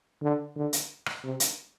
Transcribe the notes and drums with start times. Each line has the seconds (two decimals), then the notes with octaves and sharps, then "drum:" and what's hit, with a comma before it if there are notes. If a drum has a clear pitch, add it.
0.22 D3
0.56 D3
0.73 drum: hi-hat
1.06 drum: rim click
1.24 C3
1.40 drum: hi-hat